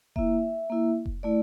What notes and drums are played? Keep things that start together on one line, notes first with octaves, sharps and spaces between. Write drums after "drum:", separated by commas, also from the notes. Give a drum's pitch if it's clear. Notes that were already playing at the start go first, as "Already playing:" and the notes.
A#3 E4 E5, drum: kick F1
A#3 E4
drum: kick F1
A3 E4 D5